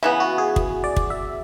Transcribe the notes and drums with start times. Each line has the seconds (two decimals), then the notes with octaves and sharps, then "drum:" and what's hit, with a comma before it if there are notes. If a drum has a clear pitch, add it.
0.03 C#3 E3 B3 E4
0.20 F#4
0.38 G#4
0.56 drum: kick
0.84 D5
0.96 drum: kick
1.10 E5